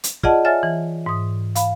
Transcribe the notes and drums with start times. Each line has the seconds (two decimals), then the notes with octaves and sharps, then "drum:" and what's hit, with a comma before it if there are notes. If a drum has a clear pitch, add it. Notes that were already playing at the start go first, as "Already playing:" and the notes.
0.04 drum: hi-hat
0.23 F4 G#4 D5 D#5 F#5 A5, drum: kick
0.45 C#5 E5 G#5 F6 A6
0.63 E3
1.06 G#2 D#6
1.55 F5 B5, drum: hi-hat